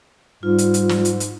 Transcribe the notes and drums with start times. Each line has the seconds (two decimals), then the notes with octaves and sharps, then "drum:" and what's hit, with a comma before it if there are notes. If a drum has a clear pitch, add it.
0.43 G#2 G3 F4
0.58 drum: hi-hat
0.74 drum: hi-hat
0.89 drum: snare
1.05 drum: hi-hat
1.20 drum: hi-hat